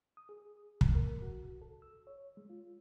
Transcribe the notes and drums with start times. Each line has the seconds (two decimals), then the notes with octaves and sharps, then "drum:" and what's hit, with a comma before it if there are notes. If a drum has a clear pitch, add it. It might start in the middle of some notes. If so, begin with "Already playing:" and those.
0.17 D#6
0.29 G#4
0.81 drum: kick
0.95 A#4
1.22 F#4
1.62 A4
1.82 E6
2.07 C#5
2.37 G#3
2.50 F4